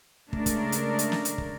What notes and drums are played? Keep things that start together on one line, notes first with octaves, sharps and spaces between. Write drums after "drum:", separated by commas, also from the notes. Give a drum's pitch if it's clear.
C#3 G#3 A3 D4 A#4 D5, drum: kick
drum: kick, hi-hat
drum: hi-hat
drum: hi-hat
drum: snare
drum: hi-hat
drum: kick